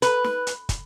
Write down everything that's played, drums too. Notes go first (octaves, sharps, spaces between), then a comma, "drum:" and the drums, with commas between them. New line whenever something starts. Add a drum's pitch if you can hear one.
B4, drum: hi-hat
drum: snare
drum: hi-hat
drum: kick, hi-hat